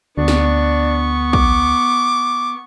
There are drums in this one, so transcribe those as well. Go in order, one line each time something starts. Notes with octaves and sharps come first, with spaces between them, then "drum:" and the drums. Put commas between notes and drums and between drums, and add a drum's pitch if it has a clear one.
D2 B3 D4 C#6
drum: snare
D6, drum: kick